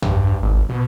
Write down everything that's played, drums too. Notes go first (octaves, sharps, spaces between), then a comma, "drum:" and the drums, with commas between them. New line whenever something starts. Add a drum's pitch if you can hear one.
G2, drum: tom
G#1
B2